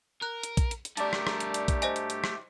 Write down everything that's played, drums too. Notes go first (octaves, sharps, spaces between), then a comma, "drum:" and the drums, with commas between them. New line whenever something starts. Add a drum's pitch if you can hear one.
A#4 F#6
drum: hi-hat
drum: kick A#1, hi-hat
drum: hi-hat
drum: hi-hat
G2 A3 G4 A#4 D5 A5, drum: hi-hat
drum: rim click
drum: rim click
drum: hi-hat
drum: hi-hat
drum: kick A#1, hi-hat
C5 D#5 G#5, drum: hi-hat
drum: hi-hat
drum: hi-hat
drum: rim click